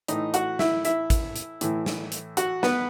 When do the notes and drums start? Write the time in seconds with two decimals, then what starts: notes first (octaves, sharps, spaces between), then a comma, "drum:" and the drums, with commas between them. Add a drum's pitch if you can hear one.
0.08 A2 E3 D#4 D#5, drum: hi-hat
0.34 F#4 F#5, drum: hi-hat
0.59 E4 E5, drum: snare
0.85 E4 E5, drum: hi-hat
1.10 drum: kick, hi-hat
1.36 drum: hi-hat
1.61 A2 E3, drum: hi-hat
1.86 drum: snare
2.12 drum: hi-hat
2.37 F#4 F#5, drum: hi-hat
2.63 B3 B4, drum: snare